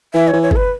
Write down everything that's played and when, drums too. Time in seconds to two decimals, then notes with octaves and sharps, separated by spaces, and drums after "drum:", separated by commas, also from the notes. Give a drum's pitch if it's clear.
0.13 E3 E5
0.28 C#5
0.33 E3
0.42 C#5
0.51 G#4, drum: kick G1
0.56 B4